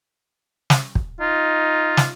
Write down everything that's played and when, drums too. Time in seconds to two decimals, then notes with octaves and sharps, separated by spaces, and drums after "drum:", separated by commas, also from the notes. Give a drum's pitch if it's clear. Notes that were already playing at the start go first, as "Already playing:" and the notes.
0.70 drum: snare
0.95 drum: kick
1.21 D#4 F4
1.97 drum: snare